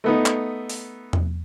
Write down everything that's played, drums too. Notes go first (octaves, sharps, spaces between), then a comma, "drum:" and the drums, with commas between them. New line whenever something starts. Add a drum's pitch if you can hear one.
A3 B3 D#4
drum: clap
drum: open hi-hat
drum: tom E2